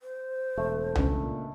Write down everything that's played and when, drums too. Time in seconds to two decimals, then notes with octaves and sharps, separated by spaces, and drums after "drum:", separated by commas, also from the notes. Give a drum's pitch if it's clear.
0.01 C5
0.57 E1 A3
0.95 C#2 C#4 D4, drum: tom C2
1.23 A#2